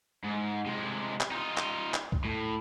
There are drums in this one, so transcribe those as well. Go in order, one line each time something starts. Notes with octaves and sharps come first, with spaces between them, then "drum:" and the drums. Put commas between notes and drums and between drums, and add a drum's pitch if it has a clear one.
G#2
C3 G#3
drum: clap
D#4 F4
drum: clap
drum: clap
drum: kick C2
A2